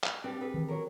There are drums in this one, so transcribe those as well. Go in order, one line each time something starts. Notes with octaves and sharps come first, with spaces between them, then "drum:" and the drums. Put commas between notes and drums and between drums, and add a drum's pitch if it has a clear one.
drum: clap
G3 C4 D4 G4 B4 G5
G#4 A4 B4 G5
D#3 E3
F#3 C#4 A#4